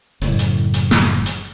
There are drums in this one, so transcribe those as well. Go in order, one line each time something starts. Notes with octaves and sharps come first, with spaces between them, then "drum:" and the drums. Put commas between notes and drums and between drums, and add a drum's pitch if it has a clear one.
F#1 A2, drum: open hi-hat
drum: hi-hat
drum: hi-hat
drum: snare
drum: hi-hat